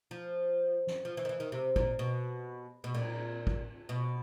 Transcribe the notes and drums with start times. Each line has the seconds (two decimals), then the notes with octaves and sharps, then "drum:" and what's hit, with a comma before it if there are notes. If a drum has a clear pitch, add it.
0.11 F3
0.87 drum: snare
1.05 F3
1.17 E3
1.25 D#3
1.29 E3
1.40 D#3
1.52 C3
1.76 A#2, drum: kick
1.99 B2
2.84 B2
2.94 A#2, drum: cymbal
3.47 drum: kick
3.89 B2